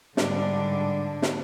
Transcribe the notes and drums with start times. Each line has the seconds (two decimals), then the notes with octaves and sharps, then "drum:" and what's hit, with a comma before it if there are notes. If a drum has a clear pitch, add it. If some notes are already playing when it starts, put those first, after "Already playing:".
0.17 G#2 D3 G3 D4, drum: snare
1.22 drum: snare